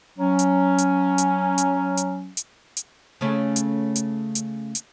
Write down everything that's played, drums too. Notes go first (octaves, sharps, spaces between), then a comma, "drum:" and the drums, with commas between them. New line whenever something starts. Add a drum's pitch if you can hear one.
F#3 C#4
drum: hi-hat
drum: hi-hat
drum: hi-hat
drum: hi-hat
drum: hi-hat
drum: hi-hat
drum: hi-hat
C#3 A3 C#4
drum: hi-hat
drum: hi-hat
drum: hi-hat
drum: hi-hat